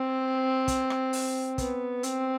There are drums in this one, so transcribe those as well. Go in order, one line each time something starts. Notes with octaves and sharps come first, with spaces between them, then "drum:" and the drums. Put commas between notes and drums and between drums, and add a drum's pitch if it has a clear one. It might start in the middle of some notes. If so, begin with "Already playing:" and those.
Already playing: C4
drum: kick, hi-hat
drum: rim click
drum: open hi-hat
B3, drum: kick, hi-hat
C4, drum: hi-hat